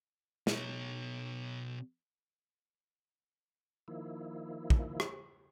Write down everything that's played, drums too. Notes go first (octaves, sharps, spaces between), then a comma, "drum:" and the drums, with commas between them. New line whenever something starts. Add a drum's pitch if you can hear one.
B2 C#5, drum: snare
D#3 F3 A#3 E4
drum: kick
drum: rim click